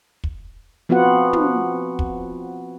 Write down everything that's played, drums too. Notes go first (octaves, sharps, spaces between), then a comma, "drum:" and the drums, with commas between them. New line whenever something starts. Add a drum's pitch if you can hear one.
drum: kick
F3 B3 C4 F4 F#4 F#5
drum: tom
drum: kick